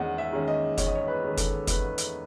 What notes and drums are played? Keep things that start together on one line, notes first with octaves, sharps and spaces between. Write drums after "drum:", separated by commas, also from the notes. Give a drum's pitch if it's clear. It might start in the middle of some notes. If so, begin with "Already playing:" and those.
Already playing: E2 D#3 G#3 C#4 D#5 F#5
E5
D#3 G#3 C#4
D#5
E2 C#5, drum: kick, hi-hat
D#5
C#5
B4
D#3 G#3 C#4
A4, drum: kick, hi-hat
E2 B4, drum: kick, hi-hat
drum: hi-hat